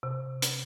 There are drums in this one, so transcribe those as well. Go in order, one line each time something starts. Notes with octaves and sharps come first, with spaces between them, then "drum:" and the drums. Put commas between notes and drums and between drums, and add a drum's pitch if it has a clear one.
C3
drum: hi-hat